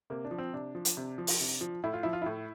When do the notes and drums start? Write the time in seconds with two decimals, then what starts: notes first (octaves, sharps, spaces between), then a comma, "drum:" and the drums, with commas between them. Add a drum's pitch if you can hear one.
0.10 C3 A#3
0.24 D4
0.31 F3
0.38 C4
0.53 C3 D4
0.75 F3
0.85 drum: hi-hat
0.97 C3
1.18 F3
1.27 drum: open hi-hat
1.40 C3
1.61 F3
1.84 A2 E4
1.93 F4
2.03 F3 E4
2.13 F4
2.22 A2 E4